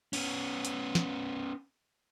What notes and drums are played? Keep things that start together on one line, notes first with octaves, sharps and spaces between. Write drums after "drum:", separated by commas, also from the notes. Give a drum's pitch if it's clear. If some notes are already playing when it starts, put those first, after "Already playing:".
B3 C#4, drum: cymbal
drum: hi-hat
drum: snare